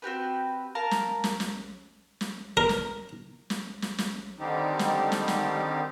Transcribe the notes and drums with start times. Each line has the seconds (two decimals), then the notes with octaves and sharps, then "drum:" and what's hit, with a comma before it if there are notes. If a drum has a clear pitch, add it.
0.02 C4 F#4 G4 B4
0.75 A#4 F5 A5 A#5
0.91 drum: snare
1.24 drum: snare
1.40 drum: snare
2.21 drum: snare
2.57 A#4
2.69 drum: snare
3.50 drum: snare
3.82 drum: snare
3.98 drum: snare
4.39 D3 D#3 G3 C4 D#4 G4
4.79 drum: snare
5.12 drum: snare
5.28 drum: snare